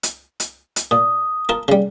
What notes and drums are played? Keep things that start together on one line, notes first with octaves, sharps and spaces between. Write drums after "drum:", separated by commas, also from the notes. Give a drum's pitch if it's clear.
drum: hi-hat
drum: hi-hat
drum: hi-hat
A#2 D#6
F4 A#4 A5
C#3 G3